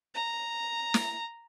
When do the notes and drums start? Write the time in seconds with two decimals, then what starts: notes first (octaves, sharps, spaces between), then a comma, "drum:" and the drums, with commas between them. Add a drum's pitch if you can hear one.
0.14 A#5
0.94 drum: snare